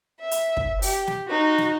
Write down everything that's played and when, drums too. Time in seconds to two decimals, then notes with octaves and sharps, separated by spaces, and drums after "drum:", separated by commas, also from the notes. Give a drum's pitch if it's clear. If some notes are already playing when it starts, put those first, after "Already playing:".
0.20 E5
0.31 drum: hi-hat
0.57 drum: kick
0.82 G4, drum: open hi-hat
1.07 drum: snare
1.28 D#4 F#4
1.58 drum: snare